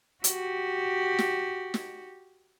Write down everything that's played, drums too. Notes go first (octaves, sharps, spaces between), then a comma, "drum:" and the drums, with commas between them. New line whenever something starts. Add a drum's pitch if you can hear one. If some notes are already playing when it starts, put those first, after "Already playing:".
F#4 G4, drum: hi-hat
drum: snare
drum: snare